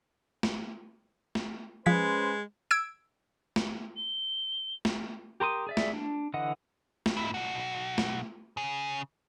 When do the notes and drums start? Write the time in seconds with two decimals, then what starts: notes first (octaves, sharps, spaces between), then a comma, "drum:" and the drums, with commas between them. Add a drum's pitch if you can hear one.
0.43 drum: snare
1.35 drum: snare
1.86 F3 G#3 C#4 B4 C5 B6
2.71 E6 G#6 D7
3.56 drum: snare
3.97 G7
4.85 drum: snare
5.40 G4 A#4 C6 D#6
5.67 G#4 D5 E5
5.77 drum: snare
5.93 D4
6.34 D3 E3 D#5 F#5
7.06 drum: snare
7.17 G#2 E4
7.34 B1 F#4
7.98 drum: snare
8.57 C#3 G#4